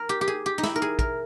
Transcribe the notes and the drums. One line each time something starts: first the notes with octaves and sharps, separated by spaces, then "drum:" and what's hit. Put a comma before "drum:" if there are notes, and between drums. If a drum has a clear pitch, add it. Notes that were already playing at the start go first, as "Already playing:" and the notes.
Already playing: A#4
G4
G4
G#4
G4
D#4
E4, drum: snare
A#4
G#4
A#4, drum: kick